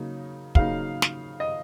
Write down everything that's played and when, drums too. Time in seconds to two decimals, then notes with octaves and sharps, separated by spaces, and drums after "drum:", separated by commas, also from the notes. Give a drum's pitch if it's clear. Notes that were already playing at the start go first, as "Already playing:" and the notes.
Already playing: C#3 F#3 A#3 D#4
0.55 C#3 F#3 A#3 D#4 F5, drum: kick
1.02 drum: snare
1.40 D#5